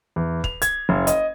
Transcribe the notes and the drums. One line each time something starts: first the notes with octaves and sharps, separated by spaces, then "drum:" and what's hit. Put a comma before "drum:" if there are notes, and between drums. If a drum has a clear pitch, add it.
E2
F7, drum: kick
G#6, drum: hi-hat
F#1
D#5, drum: hi-hat